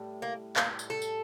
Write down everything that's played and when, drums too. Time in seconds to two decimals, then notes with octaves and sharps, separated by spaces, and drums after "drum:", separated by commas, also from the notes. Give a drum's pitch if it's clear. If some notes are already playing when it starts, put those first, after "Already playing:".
Already playing: A2 G3
0.22 A#3
0.56 A#3, drum: clap
0.79 drum: tambourine
0.90 A4
1.02 drum: tambourine